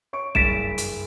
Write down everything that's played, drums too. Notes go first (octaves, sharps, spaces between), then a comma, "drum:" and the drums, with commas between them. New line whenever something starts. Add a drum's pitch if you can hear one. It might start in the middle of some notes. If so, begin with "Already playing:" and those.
C#5 C#6 D7
F#1 G2 A6 B6 D7 E7, drum: kick
drum: hi-hat